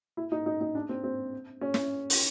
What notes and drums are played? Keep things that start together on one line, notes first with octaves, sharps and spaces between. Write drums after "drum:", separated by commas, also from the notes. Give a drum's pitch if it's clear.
E4
D#4
D#4
D#4
D4
C4
C4
C#4
drum: snare
drum: open hi-hat